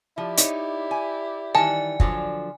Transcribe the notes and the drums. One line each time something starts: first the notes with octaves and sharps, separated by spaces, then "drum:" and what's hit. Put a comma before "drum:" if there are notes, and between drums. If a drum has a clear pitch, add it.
F3 E4 G4 D5
D#4 C#5, drum: hi-hat
G#5
D#3 E3 G3 G#5 A5
D3 F3 F#3, drum: kick